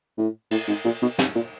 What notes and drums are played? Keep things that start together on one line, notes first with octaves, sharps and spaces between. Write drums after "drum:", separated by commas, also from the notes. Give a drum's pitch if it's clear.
A2
A2, drum: cymbal
G#2
A#2
B2
C3, drum: snare
A#2